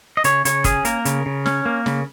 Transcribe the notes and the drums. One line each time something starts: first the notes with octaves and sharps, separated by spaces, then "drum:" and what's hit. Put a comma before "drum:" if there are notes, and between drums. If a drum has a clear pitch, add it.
D#5
C#3 C#5, drum: hi-hat
C#3 C#5, drum: hi-hat
C#4 G#4, drum: kick, hi-hat
A#3 A#4, drum: hi-hat
C#3, drum: hi-hat
C#3
C#4, drum: snare
A#3
C#3, drum: snare